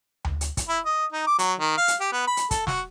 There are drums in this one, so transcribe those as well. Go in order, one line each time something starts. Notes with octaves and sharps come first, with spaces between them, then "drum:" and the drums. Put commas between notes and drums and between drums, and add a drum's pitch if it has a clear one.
drum: tom D2
drum: hi-hat
drum: kick, hi-hat
E4
D#5
D#4
D6
F#3, drum: hi-hat
D#3
F5
drum: hi-hat
G4
B3
B5
drum: hi-hat
A4, drum: kick, hi-hat
F#4, drum: snare